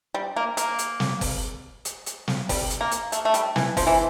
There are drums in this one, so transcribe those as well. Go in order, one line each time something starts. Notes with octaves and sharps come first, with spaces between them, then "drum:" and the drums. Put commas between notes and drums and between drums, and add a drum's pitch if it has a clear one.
G3
A#3
A#3, drum: hi-hat
drum: hi-hat
drum: snare
drum: kick F#1, open hi-hat
drum: hi-hat
drum: hi-hat
drum: snare
G3, drum: kick F#1, open hi-hat
drum: hi-hat
A#3
drum: hi-hat
A3, drum: hi-hat
A3
G3, drum: hi-hat
E3, drum: snare
F3, drum: kick F#1, open hi-hat
E3